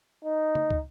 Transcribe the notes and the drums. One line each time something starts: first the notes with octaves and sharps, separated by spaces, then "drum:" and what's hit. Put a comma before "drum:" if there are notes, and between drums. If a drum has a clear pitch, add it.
D#4
drum: tom
drum: kick